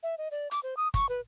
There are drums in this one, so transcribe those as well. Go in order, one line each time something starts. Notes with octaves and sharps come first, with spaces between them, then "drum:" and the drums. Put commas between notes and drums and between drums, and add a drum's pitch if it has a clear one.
E5
D#5
D5
D6, drum: hi-hat
C5
D#6
C#6, drum: kick, hi-hat
B4